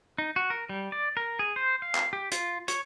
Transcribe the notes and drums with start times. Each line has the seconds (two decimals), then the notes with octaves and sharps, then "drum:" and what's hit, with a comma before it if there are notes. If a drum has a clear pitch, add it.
0.18 D#4
0.36 F#4
0.50 A#4
0.69 G3
0.92 D5
1.17 A#4
1.39 G#4
1.56 C5
1.82 F5
1.95 drum: clap
2.13 G4
2.32 F4, drum: hi-hat
2.68 C#5, drum: hi-hat